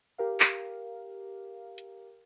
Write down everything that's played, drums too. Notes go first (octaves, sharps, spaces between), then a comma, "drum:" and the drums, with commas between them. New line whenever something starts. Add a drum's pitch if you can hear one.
G4 A#4 F5
drum: clap
drum: hi-hat